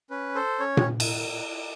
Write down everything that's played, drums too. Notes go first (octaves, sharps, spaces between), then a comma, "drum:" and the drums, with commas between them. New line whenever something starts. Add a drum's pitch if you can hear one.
C#4 B4
A4 C5
C#4 C#5
drum: tom A#2
drum: cymbal